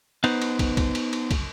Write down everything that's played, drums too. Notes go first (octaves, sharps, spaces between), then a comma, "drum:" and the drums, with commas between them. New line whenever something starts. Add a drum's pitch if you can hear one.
B3 D#4 B4 C5, drum: cymbal
drum: cymbal
drum: kick, cymbal
drum: kick, cymbal
drum: cymbal
drum: cymbal
drum: kick, cymbal